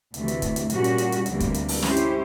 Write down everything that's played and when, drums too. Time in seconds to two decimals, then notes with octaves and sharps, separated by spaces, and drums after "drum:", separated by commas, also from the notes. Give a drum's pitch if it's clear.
0.14 D2 C3 E3 A3, drum: hi-hat
0.28 drum: hi-hat
0.42 drum: kick, hi-hat
0.56 drum: hi-hat
0.70 A#2 G3 A#3 C#4 F#4, drum: hi-hat
0.84 drum: hi-hat
0.98 drum: hi-hat
1.12 drum: hi-hat
1.26 D2 C3 E3 G3 A#3, drum: hi-hat
1.40 drum: kick, hi-hat
1.54 drum: hi-hat
1.68 drum: open hi-hat
1.82 G#3 C#4 E4 G4 C5, drum: snare
1.97 drum: hi-hat